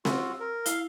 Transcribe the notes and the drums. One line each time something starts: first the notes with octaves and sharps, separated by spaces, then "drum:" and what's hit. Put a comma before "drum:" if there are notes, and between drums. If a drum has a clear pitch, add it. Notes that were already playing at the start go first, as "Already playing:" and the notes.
F4 F#4 E6, drum: snare C4
A#4
E4 F5, drum: hi-hat